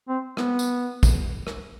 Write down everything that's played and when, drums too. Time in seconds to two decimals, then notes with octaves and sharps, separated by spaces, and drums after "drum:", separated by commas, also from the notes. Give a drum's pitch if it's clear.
0.08 C4
0.37 B3, drum: rim click
0.59 drum: tambourine
1.03 drum: kick, tambourine
1.47 drum: rim click